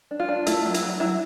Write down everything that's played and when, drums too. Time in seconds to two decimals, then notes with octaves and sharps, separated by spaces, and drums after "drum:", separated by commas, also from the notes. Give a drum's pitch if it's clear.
0.11 D4
0.20 F4
0.29 D4
0.46 A3 E4, drum: hi-hat
0.65 F#3
0.74 E4, drum: hi-hat
0.83 F#3
1.00 F#3 E4